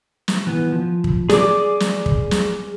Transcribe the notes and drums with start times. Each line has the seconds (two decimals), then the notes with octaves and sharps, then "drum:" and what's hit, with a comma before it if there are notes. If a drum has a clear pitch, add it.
0.28 drum: snare
0.47 E3 B3
0.72 F3
1.04 drum: kick
1.30 G#4 D5 D6, drum: snare
1.80 drum: snare
2.06 drum: kick
2.31 drum: snare